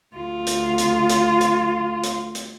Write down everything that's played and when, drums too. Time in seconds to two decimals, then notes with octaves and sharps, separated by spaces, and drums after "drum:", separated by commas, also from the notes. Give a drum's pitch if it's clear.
0.15 D2 F4
0.47 drum: hi-hat
0.78 drum: hi-hat
1.10 drum: hi-hat
1.41 drum: hi-hat
2.04 drum: hi-hat
2.35 drum: hi-hat